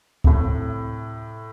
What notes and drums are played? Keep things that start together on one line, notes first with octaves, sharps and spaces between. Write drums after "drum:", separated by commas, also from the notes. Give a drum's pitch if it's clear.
A2 C3, drum: kick